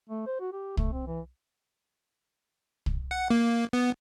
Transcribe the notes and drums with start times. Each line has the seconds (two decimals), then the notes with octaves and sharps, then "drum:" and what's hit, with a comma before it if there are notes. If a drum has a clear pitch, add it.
0.09 A3
0.26 C5
0.40 F#4
0.52 G4
0.77 A3, drum: kick
0.92 C4
1.07 E3
2.86 drum: kick
3.11 F#5
3.30 A#3
3.73 B3